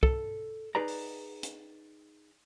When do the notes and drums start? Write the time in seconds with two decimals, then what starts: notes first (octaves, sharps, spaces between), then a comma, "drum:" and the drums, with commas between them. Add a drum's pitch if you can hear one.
0.03 A4, drum: kick
0.75 D#4 G#4 B4 D5 A#5
0.88 drum: open hi-hat
1.43 drum: hi-hat